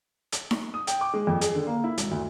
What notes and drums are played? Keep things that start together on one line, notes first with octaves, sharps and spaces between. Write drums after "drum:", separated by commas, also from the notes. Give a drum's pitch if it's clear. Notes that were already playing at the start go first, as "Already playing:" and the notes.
drum: hi-hat
drum: snare D#4
D#6
G5, drum: hi-hat
D6
G#3
F2
G#4, drum: hi-hat
D3
A#3
E4
G#1, drum: hi-hat
D2